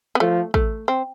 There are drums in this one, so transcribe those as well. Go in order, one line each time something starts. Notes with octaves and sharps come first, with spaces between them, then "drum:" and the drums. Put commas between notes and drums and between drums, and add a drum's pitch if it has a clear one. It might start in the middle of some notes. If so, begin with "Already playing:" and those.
B3
F3 A3
A3, drum: kick
C4